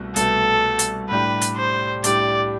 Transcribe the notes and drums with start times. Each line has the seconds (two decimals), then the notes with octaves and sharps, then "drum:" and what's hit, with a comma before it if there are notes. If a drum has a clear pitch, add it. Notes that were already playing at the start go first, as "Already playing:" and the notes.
Already playing: C2 B2 A3
0.16 C2 B2 A3 A4, drum: hi-hat
0.79 drum: hi-hat
1.10 A2 G3 D4 G4 B4
1.41 drum: hi-hat
1.57 C5
2.04 A2 G3 D4 G4 D5, drum: hi-hat